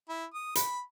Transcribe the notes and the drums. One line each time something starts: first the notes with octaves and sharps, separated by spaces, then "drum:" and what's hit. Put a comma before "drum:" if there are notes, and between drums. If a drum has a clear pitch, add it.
E4
D#6
B5, drum: hi-hat